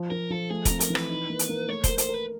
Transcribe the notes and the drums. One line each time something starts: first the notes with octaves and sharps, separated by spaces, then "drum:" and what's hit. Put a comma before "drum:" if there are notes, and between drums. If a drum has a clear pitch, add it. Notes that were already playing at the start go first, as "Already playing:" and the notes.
Already playing: F3
F3 A#4
F3 A4
A3 G#4
C4 A#4, drum: kick E1, hi-hat
A#4, drum: hi-hat
E3
B4, drum: rim click
D#4
A#3
drum: hi-hat
A#3
A3 C#5
A#4 C5, drum: kick E1, hi-hat
C5, drum: hi-hat
A#4 B4